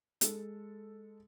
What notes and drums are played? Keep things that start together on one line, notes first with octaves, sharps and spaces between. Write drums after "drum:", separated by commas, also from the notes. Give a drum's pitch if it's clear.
G#3 A4, drum: hi-hat